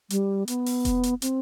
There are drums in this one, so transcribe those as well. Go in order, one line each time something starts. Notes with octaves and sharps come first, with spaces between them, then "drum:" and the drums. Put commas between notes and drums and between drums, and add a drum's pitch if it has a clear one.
G3, drum: hi-hat
B3, drum: hi-hat
drum: open hi-hat
drum: kick E1, hi-hat
drum: hi-hat
C4, drum: hi-hat